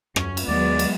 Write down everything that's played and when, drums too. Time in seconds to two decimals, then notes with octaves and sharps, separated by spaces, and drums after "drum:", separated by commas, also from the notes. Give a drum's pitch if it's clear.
0.16 F#2 C#4, drum: rim click
0.37 drum: cymbal
0.48 D#2 F#3 G#3 B3 D5
0.79 drum: cymbal